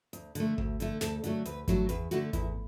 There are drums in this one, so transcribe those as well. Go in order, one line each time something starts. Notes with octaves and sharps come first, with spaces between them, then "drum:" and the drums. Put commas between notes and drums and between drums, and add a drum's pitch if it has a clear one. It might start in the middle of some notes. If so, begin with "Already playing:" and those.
D2, drum: hi-hat
D3 A3, drum: hi-hat
D2, drum: kick G#1
D3 A3, drum: hi-hat
D2 A4, drum: snare
D3 F#3 A3, drum: hi-hat
D2 B4, drum: hi-hat
D3 F#3 A3, drum: kick G#1, hi-hat
E2 B4, drum: hi-hat
D3 A3 F#4, drum: hi-hat
E2 E4, drum: kick G#1, hi-hat